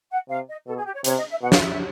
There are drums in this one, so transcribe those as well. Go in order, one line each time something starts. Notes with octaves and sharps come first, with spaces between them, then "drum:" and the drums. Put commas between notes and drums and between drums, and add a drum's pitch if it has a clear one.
F#5
C3 F5
D#5
B2 A4
G#4
G4
C#5
C3 C#5, drum: hi-hat
D#5
E5
B2 F#5
F5, drum: snare
E5
E5